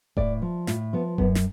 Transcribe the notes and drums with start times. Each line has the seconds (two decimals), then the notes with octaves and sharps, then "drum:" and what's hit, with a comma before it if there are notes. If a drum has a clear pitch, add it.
0.17 A2 D5, drum: kick D#1
0.42 F3
0.67 A2 F4, drum: snare
0.93 F3 B3
1.18 F#2 B3, drum: kick D#1
1.35 drum: snare